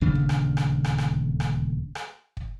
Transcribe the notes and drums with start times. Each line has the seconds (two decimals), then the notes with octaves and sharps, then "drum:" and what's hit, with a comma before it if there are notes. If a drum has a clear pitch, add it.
0.01 D#1 D2 C#3 D4
0.15 drum: kick
0.29 drum: rim click
0.57 drum: rim click
0.84 drum: rim click
0.98 drum: rim click
1.40 drum: rim click
1.95 drum: rim click
2.37 drum: kick